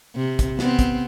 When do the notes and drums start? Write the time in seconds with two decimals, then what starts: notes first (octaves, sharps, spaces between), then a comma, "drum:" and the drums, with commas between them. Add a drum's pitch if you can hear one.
0.16 C3
0.39 drum: kick, hi-hat
0.59 B3 C4, drum: snare
0.79 drum: kick, hi-hat